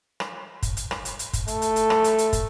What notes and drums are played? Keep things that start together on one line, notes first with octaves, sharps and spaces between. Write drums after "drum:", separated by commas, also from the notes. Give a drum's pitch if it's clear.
drum: rim click
drum: kick, hi-hat
drum: hi-hat
drum: rim click
drum: hi-hat
drum: hi-hat
drum: kick, hi-hat
A3, drum: hi-hat
drum: hi-hat
drum: hi-hat
drum: rim click
drum: hi-hat
drum: hi-hat
drum: kick, hi-hat